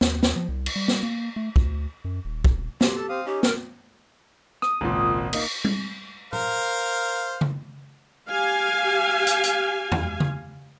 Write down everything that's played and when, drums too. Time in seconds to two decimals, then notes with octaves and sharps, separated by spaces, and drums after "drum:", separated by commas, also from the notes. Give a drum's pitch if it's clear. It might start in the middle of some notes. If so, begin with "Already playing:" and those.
0.01 D#2, drum: snare
0.23 drum: snare
0.36 F3
0.49 C2
0.66 drum: cymbal
0.76 G3
0.88 drum: snare
1.03 A#3
1.36 A3
1.56 D2, drum: kick
2.05 F#2
2.25 D#1
2.45 drum: kick
2.81 G4 C6, drum: snare
2.96 A4 A5
3.09 C4 F5 D#6
3.26 C#4 D#4 G4
3.43 A#4, drum: snare
4.62 D#6, drum: rim click
4.81 G#1 C#2 A#2
5.33 A#3 D#4, drum: cymbal
5.65 drum: tom G3
6.33 A#4 C5 F5, drum: tom A2
7.41 drum: tom C#3
8.29 G4 F5 G#5
9.27 drum: hi-hat
9.44 drum: hi-hat
9.92 drum: tom E2
10.20 drum: tom C#3